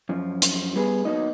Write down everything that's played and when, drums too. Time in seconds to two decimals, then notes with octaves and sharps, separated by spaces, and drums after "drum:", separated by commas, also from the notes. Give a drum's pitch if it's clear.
0.09 F#2 F3
0.42 drum: hi-hat
0.76 G3 B3 G#4 B4
1.05 F#3 A#3 B3 D#4 D#5